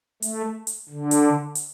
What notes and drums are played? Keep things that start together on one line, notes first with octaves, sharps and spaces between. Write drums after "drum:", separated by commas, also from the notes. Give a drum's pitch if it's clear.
A3, drum: hi-hat
drum: hi-hat
D3
drum: hi-hat
drum: hi-hat